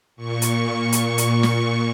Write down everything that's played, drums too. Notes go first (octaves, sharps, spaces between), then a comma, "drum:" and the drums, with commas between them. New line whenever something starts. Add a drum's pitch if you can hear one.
A#2 C#6
drum: hi-hat
drum: hi-hat
drum: hi-hat
drum: snare